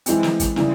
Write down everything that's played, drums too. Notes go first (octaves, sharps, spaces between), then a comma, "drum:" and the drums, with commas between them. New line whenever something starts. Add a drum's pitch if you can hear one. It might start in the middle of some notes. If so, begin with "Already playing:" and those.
E3 G#3 C4, drum: hi-hat
drum: snare
drum: kick, hi-hat
C#3 E3 G3, drum: snare